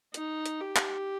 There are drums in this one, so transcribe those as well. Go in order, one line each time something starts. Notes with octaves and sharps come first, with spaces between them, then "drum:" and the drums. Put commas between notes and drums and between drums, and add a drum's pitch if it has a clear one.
D#4, drum: hi-hat
drum: hi-hat
G4
drum: clap